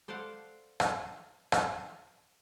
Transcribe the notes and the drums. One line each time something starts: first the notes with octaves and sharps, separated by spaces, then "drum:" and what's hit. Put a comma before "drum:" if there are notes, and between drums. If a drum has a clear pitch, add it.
A4 C5 D5 F5 F#5
drum: rim click
drum: rim click